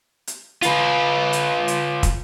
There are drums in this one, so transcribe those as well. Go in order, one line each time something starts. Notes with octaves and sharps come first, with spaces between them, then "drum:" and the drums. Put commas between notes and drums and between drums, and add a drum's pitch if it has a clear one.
drum: hi-hat
F4 B4, drum: hi-hat
drum: hi-hat
drum: hi-hat
drum: kick, hi-hat